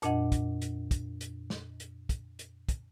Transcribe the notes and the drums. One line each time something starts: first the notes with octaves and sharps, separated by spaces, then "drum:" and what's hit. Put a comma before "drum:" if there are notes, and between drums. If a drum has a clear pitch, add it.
F2 A#2 D4 D#5 F#5, drum: hi-hat
drum: kick, hi-hat
drum: hi-hat
drum: kick, hi-hat
drum: hi-hat
drum: snare
drum: hi-hat
drum: kick, hi-hat
drum: hi-hat
drum: kick, hi-hat